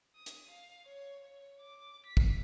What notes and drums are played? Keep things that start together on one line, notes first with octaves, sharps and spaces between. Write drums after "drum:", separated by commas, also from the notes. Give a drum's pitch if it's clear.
D#6
drum: hi-hat
F5
C#5
C#5
D6
B6
drum: kick